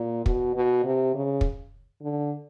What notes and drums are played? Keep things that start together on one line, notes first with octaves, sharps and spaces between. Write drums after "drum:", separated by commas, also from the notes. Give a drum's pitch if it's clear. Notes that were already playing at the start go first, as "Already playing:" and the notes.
Already playing: A#2
B2, drum: kick
B2
C3
C#3
drum: kick
D3